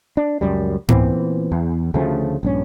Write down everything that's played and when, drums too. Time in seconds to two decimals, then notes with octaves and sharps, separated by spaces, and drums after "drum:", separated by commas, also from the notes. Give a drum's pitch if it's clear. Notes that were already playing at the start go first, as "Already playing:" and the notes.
0.17 D4
0.41 C#2 F#2 G3
0.89 A#2 E3 B3 C4, drum: tom G#2
1.52 E2
1.94 D2 C#3 F3 A3
2.43 A#1 G2 C#4